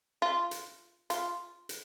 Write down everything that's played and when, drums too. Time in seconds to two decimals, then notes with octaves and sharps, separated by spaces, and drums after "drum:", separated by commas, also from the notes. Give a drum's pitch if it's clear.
0.22 F4
0.51 drum: hi-hat
1.10 F4, drum: hi-hat
1.69 drum: hi-hat